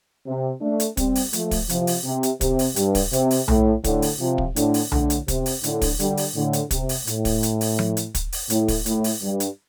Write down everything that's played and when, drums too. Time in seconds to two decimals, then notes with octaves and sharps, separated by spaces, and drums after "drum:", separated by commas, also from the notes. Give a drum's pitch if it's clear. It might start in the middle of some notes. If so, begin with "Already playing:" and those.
0.26 C3
0.61 A3 D4
0.80 drum: hi-hat
0.97 G3 C4, drum: kick, hi-hat
1.15 drum: open hi-hat
1.33 F3 A3, drum: hi-hat
1.51 drum: kick, open hi-hat
1.69 C3 F3, drum: hi-hat
1.87 drum: open hi-hat
2.05 C3
2.23 drum: hi-hat
2.41 C3, drum: kick, hi-hat
2.59 drum: open hi-hat
2.76 G2, drum: hi-hat
2.95 drum: kick, open hi-hat
3.13 C3, drum: hi-hat
3.31 drum: open hi-hat
3.48 A2, drum: tom B1
3.84 A2 D3, drum: kick, hi-hat
4.02 drum: open hi-hat
4.20 C3 F3
4.38 drum: kick
4.56 A2 D3, drum: hi-hat
4.74 drum: open hi-hat
4.92 A2 D3, drum: tom B1
5.10 drum: hi-hat
5.28 C3, drum: kick, hi-hat
5.46 drum: open hi-hat
5.64 A2 D3, drum: hi-hat
5.82 drum: kick, open hi-hat
6.00 D3 G3, drum: hi-hat
6.17 drum: open hi-hat
6.35 A2 D3
6.53 drum: hi-hat
6.71 C3, drum: kick, hi-hat
6.89 drum: open hi-hat
7.07 A2, drum: hi-hat
7.25 drum: kick, open hi-hat
7.43 drum: hi-hat
7.61 drum: open hi-hat
7.79 drum: tom F3
7.97 drum: hi-hat
8.15 drum: kick, hi-hat
8.32 drum: open hi-hat
8.50 A2, drum: hi-hat
8.68 drum: kick, open hi-hat
8.86 A2, drum: hi-hat
9.04 drum: open hi-hat
9.22 G2
9.40 drum: hi-hat